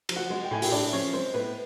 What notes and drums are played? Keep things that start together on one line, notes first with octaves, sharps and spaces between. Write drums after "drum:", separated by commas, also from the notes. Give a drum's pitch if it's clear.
F3, drum: cymbal
F#4 F#5
G#3
G5
A2 G#5
G4 G5, drum: open hi-hat
A2 D4 D5
F3 C#4 C#5
G#3 C4 C5
A2 B3 B4